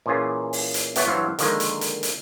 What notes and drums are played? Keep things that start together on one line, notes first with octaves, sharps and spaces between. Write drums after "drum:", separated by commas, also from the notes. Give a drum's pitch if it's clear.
A#2 E3 C#4 F4 G#4
drum: open hi-hat
drum: hi-hat
G1 A3 B3 E4 C#5, drum: hi-hat
G2 E3 F#3 F#4 C5 F5
D3 D#3 F3 G#3 A#3 D#4, drum: hi-hat
drum: hi-hat
drum: hi-hat
drum: hi-hat